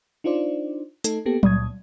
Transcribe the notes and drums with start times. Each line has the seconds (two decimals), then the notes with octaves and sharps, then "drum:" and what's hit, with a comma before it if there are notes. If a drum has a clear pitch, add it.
0.24 D4 D#4 F4 C5 D5
1.04 A3 D#4 A4, drum: hi-hat
1.26 A#3 B3 G4 A4
1.43 C#2 A#2 D#6 G#6, drum: tom F#3